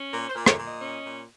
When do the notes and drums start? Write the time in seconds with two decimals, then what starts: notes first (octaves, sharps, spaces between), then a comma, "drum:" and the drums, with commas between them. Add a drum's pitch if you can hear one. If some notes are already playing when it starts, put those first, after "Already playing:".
Already playing: C#4
0.12 A#2 A#4
0.29 C5
0.35 A#2
0.46 C#5, drum: rim click
0.59 A#2
0.64 D#5
0.81 C#4
1.04 A#2